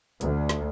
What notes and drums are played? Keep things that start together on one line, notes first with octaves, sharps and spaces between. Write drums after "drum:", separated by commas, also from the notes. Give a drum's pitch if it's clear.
D2, drum: hi-hat
drum: snare